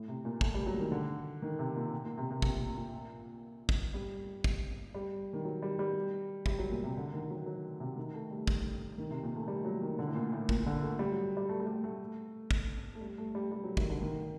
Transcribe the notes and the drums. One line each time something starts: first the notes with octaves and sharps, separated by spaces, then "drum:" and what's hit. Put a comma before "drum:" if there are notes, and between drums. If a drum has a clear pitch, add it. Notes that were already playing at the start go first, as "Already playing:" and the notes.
Already playing: A2
C3
A#2
A3, drum: kick
G3
F#3
D#3
D3
D#3
C3
A#2
A#2
C3
C3
C3, drum: kick
A#2
drum: kick
G3
drum: kick
G3
D#3
F#3
G3
G3
G3, drum: kick
F#3
A#2
C3
D3
D#3
F#3
F#3
C3
D#3
A3
G3
drum: kick
D#3
C3
A#2
A3
G3
F#3
D#3
D3
A2
A#2
A2
A#2, drum: kick
D3
A3
G3
F#3
G3
A3
A3
G3
A3
drum: kick
A3
G3
A3
G3
G3
F#3
D#3, drum: kick
D3
D#3